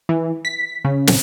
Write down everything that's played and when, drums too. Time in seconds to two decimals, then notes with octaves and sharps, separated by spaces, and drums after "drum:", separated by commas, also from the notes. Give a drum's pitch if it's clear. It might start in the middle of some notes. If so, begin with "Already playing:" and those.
0.09 E3
0.45 B6
0.85 C#3
1.07 drum: snare